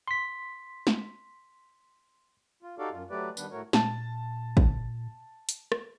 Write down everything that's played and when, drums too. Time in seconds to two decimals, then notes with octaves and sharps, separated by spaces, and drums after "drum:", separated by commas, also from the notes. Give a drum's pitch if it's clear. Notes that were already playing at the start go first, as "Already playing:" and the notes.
0.08 C6 B6
0.87 drum: snare
2.63 F4
2.79 D#4 F#4 G4 A4 D5 F5
2.91 F#2 F4
3.10 F#3 A3 G4 B4 D5
3.37 D#3 G3 B3 D4 B4, drum: tambourine
3.51 A2 A3 F#4 A#4 C#5
3.73 A#2 A5, drum: snare
4.57 drum: kick
5.49 drum: hi-hat
5.72 drum: rim click